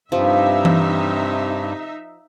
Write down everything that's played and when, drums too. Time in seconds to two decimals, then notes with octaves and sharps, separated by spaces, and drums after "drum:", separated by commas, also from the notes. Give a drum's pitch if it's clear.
0.12 G2 C3 F3 D#4 E5
0.65 drum: tom E3